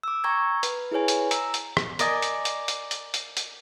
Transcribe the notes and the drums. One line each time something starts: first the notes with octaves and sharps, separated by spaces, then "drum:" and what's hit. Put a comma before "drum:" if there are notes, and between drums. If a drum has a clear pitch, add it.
D6 E6
G5 A#5 C#6 E6 G#6
B4, drum: hi-hat
E4 G#4 B4 C#5 G#5
drum: hi-hat
A#5 E6, drum: hi-hat
drum: hi-hat
drum: rim click
A#4 D5 D#5 G#5, drum: hi-hat
drum: hi-hat
drum: hi-hat
drum: hi-hat
drum: hi-hat
drum: hi-hat
drum: hi-hat